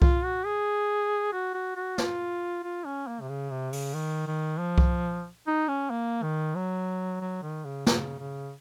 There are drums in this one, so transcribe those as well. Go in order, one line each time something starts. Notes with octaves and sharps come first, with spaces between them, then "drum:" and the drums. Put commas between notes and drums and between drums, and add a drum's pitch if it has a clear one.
F4, drum: kick C2
F#4
G#4
F#4
F#4
F#4
F4, drum: snare
F4
C#4
A#3
C3
C#3
C3
C#3, drum: open hi-hat
D#3
D#3
F3
drum: kick C2
D#4
C#4
A#3
D#3
F#3
F#3
D#3
C#3
C#3, drum: snare
C#3